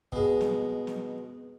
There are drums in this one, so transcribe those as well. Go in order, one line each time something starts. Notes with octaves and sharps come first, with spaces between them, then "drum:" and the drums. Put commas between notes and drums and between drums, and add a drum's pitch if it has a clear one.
B2 G#3, drum: kick
drum: snare
drum: snare